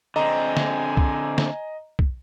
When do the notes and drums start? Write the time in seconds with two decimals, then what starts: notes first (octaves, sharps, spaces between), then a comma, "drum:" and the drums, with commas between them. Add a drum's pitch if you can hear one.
0.16 D3 C4 D#5 G#5 A#5
0.57 drum: snare
0.97 drum: kick
1.38 drum: snare
1.99 drum: kick